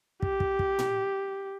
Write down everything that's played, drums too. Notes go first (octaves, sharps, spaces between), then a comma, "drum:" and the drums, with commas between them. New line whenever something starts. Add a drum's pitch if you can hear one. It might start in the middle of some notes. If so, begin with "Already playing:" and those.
G4, drum: kick
drum: kick
drum: kick
drum: tom A2